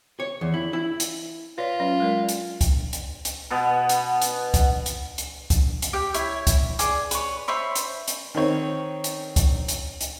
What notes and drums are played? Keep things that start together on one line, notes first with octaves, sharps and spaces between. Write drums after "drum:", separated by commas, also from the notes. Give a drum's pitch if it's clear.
C#5
E2
E4
E4
drum: hi-hat
F4 B4 C#5 D5
F#3 C#4
G#3 A#4 D5
drum: hi-hat
drum: kick C2, hi-hat
drum: hi-hat
drum: hi-hat
B2 B3
drum: hi-hat
drum: hi-hat
drum: kick C2, hi-hat
drum: hi-hat
drum: hi-hat
drum: kick C2, hi-hat
drum: hi-hat
G4 G5
E4 C#5, drum: hi-hat
drum: kick C2, hi-hat
G#4 D5, drum: hi-hat
B4 C#5, drum: hi-hat
C5 C#5 E5 B5
drum: hi-hat
drum: hi-hat
D#3 C4 C#5
drum: hi-hat
drum: kick C2, hi-hat
drum: hi-hat
drum: hi-hat